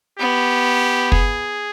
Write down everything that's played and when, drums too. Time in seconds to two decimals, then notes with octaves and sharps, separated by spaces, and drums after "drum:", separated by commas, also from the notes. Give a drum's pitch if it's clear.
0.19 B3 G4
1.12 G#4, drum: kick